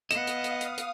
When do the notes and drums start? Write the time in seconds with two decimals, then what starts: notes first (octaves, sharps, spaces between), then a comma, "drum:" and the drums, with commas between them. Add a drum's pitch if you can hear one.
0.11 B3 D#5 F5 F#5 D#6 E7, drum: hi-hat
0.27 drum: hi-hat
0.44 drum: hi-hat
0.61 drum: hi-hat
0.78 drum: hi-hat